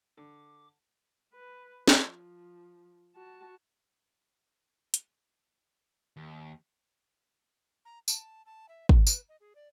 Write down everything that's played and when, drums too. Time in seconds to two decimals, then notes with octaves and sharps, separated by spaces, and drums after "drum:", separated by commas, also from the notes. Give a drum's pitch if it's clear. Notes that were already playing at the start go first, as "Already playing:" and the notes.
0.17 D3 D6
1.33 B4
1.88 F3, drum: snare
3.15 F#4 A5
4.94 drum: hi-hat
6.17 D#2
7.85 A#5
8.08 A5, drum: tambourine
8.46 A5
8.68 E5
8.89 A#4, drum: kick
9.07 B4, drum: tambourine
9.29 D#5
9.40 G#4
9.55 D5